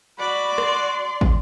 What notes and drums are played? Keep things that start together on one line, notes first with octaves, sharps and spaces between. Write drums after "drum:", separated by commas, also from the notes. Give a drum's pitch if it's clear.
F#4 D5 B5
C6, drum: rim click
drum: kick